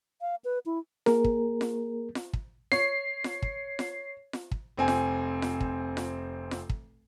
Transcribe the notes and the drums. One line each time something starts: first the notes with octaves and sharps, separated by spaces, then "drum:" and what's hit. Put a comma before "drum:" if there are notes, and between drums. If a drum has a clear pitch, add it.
F5
B4
E4
A#3 G#4 A#4, drum: snare F4
drum: kick
drum: snare F4
drum: snare F4
drum: kick
C#5 C7, drum: snare F4
drum: snare F4
drum: kick
drum: snare F4
drum: snare F4
drum: kick
F1 C4 G#5
drum: snare F4
drum: snare F4
drum: kick
drum: snare F4
drum: snare F4
drum: kick